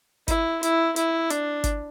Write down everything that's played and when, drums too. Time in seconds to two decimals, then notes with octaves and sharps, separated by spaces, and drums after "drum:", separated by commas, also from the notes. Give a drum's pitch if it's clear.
0.28 E4, drum: kick G#1, hi-hat
0.63 E4, drum: hi-hat
0.96 E4, drum: hi-hat
1.30 D4, drum: hi-hat
1.64 drum: kick G#1, hi-hat